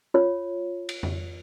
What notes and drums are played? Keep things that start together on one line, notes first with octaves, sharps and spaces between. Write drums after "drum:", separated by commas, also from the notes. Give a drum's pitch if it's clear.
F4 C#5
drum: cymbal
drum: tom F2